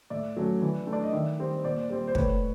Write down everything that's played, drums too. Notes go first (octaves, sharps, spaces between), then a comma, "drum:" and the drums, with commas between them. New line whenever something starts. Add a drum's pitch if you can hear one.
A2 D5 E5
F#3 A3 C#4
E3
A3
D4 D5
D#5
D#3 D5 E5
G3 C4
A#2 C5 D5
G3 C4
C5
A2 B4 C#5, drum: kick